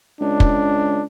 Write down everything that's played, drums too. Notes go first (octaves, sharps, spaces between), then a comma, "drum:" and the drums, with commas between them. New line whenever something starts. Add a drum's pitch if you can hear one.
C#2 D4
drum: kick